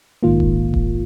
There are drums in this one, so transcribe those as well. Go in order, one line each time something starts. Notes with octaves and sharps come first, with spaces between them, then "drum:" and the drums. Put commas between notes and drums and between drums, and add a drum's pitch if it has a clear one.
A#1 G#2 D#3 A#3 F4
drum: kick E1
drum: kick E1